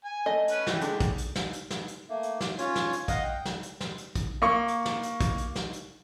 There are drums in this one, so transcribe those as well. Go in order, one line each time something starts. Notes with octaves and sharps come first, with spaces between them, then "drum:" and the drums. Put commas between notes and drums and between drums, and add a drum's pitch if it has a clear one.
G#5
A3 D#5
C#4 B4, drum: hi-hat
E3 G4, drum: snare
D3 G#3 D4, drum: hi-hat
drum: kick, hi-hat
drum: hi-hat
drum: snare
drum: hi-hat
drum: snare
drum: hi-hat
A3 A#3
drum: hi-hat
drum: snare
C#4 F4 C#5, drum: hi-hat
drum: snare
drum: hi-hat
D#5 F5 F#5, drum: kick, hi-hat
G5
drum: snare
drum: hi-hat
drum: snare
drum: hi-hat
drum: kick, hi-hat
A#3 C#6
drum: hi-hat
drum: snare
drum: hi-hat
drum: kick, hi-hat
drum: hi-hat
drum: snare
drum: hi-hat